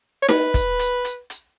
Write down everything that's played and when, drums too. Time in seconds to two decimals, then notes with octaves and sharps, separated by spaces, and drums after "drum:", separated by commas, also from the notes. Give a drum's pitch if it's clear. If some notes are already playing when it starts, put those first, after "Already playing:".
0.22 C#5
0.29 B4, drum: snare D#4
0.54 drum: kick, hi-hat
0.79 drum: hi-hat
1.05 drum: hi-hat
1.30 drum: hi-hat